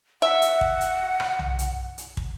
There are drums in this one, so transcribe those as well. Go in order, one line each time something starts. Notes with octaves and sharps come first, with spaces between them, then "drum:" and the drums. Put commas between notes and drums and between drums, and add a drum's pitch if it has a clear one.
E5 F#5
drum: hi-hat
drum: kick
drum: hi-hat
drum: rim click
drum: tom
drum: hi-hat
drum: hi-hat
drum: kick